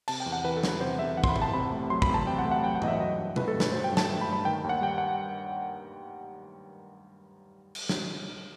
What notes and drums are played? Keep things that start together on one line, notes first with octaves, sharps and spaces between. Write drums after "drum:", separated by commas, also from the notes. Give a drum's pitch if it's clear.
C3 A5, drum: cymbal
G5
E2
F#5
E3 B4
A4
E2 B4, drum: snare
C3 C5
E2 E5
E3 F#5
C6, drum: kick
B5
E2, drum: tom G#2
A5
C3 B5
A3
F#3 C6
B5, drum: kick
E2 A5
C3 G5
F#5
A3
F#5
F#3 G5
F#5
E2 D#5, drum: tom G#2
E5
F#3 D#5
G2
A3 B4, drum: tom
A4
G2
B4, drum: snare
F#3 C5
G5
G2
A5, drum: snare
A3
B5
G2
B5
D#3 G5
D#2
F#5
G3 G5
F#5
drum: cymbal
drum: snare